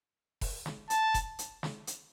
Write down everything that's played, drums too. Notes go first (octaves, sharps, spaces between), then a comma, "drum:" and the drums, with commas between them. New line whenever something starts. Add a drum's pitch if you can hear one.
drum: kick F1, open hi-hat
drum: snare
A5, drum: hi-hat
drum: kick F1, hi-hat
drum: hi-hat
drum: snare
drum: hi-hat